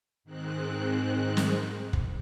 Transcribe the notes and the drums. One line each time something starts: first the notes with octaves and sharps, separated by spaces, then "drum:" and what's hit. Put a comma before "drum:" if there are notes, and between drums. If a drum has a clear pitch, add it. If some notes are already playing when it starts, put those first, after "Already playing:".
G#2 D#3 G#3 C4 F#6
drum: snare
drum: kick